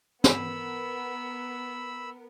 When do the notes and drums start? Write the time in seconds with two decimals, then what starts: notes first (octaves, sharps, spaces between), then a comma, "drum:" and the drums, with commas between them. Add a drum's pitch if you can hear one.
0.24 B3 A#4 B5 E6, drum: snare